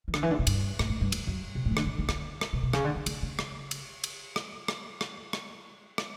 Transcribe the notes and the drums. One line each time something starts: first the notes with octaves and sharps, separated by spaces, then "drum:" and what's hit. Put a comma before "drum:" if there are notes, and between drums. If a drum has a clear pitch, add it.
E3
D3, drum: rim click
E3
D3
B2
G2, drum: cymbal
A2, drum: rim click
A2
G2
F#2, drum: cymbal
F#2
B2
A2
E3
D3, drum: rim click
D3
D3
D3, drum: rim click
drum: rim click
B2
B2
C#3, drum: rim click
D3
D3
D3, drum: cymbal
C#3
drum: rim click
drum: cymbal
drum: cymbal
drum: rim click
drum: rim click
drum: rim click
drum: rim click
drum: rim click